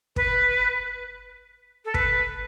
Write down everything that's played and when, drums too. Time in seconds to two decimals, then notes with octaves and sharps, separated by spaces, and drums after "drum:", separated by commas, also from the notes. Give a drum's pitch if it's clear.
0.16 B4, drum: kick
1.85 A4
1.94 B4, drum: kick